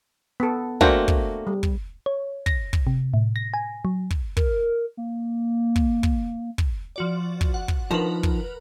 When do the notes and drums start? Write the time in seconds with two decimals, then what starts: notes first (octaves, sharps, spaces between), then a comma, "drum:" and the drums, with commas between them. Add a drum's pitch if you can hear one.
0.40 B3 A4
0.81 A3 A#3 D4 F#4 C5 G5, drum: kick
1.08 drum: kick
1.47 G3
1.63 drum: kick
2.06 C#5
2.46 A#6, drum: kick
2.73 drum: kick
2.87 C3
3.14 A2
3.36 A#6
3.54 G#5
3.85 F#3
4.10 drum: kick
4.37 A#4, drum: kick
4.97 A#3
5.76 drum: kick
6.03 drum: kick
6.58 drum: kick
6.96 F3 F#4 D5
7.41 drum: kick
7.54 F#5
7.68 drum: kick
7.91 D#3 F3 D4 A#4 B4
8.23 drum: kick